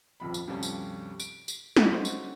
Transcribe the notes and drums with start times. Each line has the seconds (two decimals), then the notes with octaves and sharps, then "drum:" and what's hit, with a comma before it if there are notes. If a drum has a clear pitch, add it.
0.20 D#1 A#1 F2 B5
0.34 drum: tambourine
0.47 D2 G2 C3 F3 G3 C#4
0.63 drum: tambourine
1.20 D7, drum: tambourine
1.48 drum: tambourine
1.76 drum: snare
1.91 D3 G3 C#4 D#4 F#4 C5
2.05 drum: tambourine